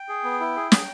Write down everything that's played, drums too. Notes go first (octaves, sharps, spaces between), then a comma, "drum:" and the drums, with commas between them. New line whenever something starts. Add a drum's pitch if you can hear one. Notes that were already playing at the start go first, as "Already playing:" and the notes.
Already playing: G5
G#4
B3
E4
G#4
G#4, drum: snare